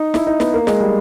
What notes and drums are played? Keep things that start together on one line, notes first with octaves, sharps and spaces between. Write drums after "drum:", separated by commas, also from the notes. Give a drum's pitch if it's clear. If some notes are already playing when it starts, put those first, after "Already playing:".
Already playing: D#4
E4, drum: snare
D#4
B3, drum: snare
A#3
G#3, drum: snare
G3